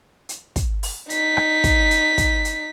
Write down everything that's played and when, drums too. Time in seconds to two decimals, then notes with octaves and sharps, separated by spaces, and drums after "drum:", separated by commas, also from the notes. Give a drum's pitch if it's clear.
0.29 drum: hi-hat
0.56 drum: kick, hi-hat
0.83 drum: open hi-hat
1.10 D#4 B6, drum: hi-hat
1.37 drum: rim click
1.64 drum: kick, hi-hat
1.91 drum: hi-hat
2.18 drum: kick, hi-hat
2.45 drum: hi-hat